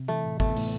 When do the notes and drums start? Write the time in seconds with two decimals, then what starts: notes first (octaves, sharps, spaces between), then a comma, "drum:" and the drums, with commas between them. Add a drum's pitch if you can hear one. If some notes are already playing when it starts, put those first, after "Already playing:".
Already playing: C3
0.08 E3 A3
0.25 A2
0.40 A3 B3, drum: kick
0.56 A2, drum: open hi-hat